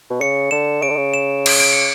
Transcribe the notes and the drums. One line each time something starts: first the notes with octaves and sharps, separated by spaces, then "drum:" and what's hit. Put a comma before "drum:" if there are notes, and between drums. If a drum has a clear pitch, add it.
B2
C#3 C#7
D3 E7
C#3 D7
D3
C#3
E7
drum: cymbal
D7
C#7